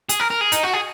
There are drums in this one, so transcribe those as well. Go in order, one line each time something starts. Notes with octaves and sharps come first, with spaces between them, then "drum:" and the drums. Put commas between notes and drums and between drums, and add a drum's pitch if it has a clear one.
G#4, drum: hi-hat
A#4
A#4
G#4
D#4, drum: hi-hat
F#4
G#4